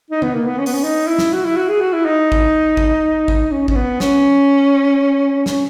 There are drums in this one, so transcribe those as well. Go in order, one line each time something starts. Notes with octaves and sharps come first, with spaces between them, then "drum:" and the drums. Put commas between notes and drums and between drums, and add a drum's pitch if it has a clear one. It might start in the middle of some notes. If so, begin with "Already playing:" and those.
D#4
B3, drum: tom D3
A#3
B3
C#4
B3, drum: open hi-hat
C#4
D#4
E4
drum: snare
F#4
E4
F#4
G#4
F#4
E4
D#4
drum: kick A1
drum: kick A1
drum: kick A1
C#4
C#4, drum: kick A1
B3
C#4, drum: snare
C#4, drum: snare